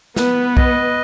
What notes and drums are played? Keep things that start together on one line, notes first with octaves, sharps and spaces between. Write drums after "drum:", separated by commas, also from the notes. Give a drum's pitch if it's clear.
B3 B4, drum: snare
D#5, drum: kick B1